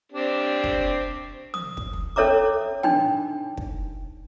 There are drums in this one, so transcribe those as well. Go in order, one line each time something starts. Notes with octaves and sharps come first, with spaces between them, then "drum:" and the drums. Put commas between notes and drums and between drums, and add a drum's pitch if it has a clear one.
C4 D4 G4
drum: kick
D#6, drum: tom
drum: kick
drum: tom
C#4 A4 C#5 E5 A#5 D6
D4 D#4 G5, drum: tom
drum: kick